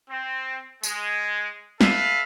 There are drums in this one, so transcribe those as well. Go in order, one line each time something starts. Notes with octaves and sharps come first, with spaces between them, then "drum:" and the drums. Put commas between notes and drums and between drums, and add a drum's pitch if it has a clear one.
C4
G#3, drum: tambourine
A4 B4 E5 F5, drum: snare